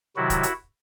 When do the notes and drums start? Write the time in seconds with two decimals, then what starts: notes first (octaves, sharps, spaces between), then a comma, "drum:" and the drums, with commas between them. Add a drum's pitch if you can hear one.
0.16 C3 D#3 F#3 E4 F#4
0.30 drum: kick D1, hi-hat
0.43 drum: hi-hat